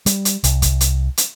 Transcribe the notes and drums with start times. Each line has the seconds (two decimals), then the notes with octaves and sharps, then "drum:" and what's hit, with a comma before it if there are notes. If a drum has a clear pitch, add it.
0.06 G3, drum: hi-hat
0.25 drum: hi-hat
0.44 C2, drum: hi-hat
0.62 drum: kick, hi-hat
0.81 drum: hi-hat
1.17 drum: hi-hat